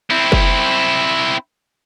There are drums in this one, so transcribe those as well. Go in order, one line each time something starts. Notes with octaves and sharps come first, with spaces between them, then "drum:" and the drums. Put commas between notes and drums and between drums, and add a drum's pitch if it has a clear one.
C4 E4
drum: kick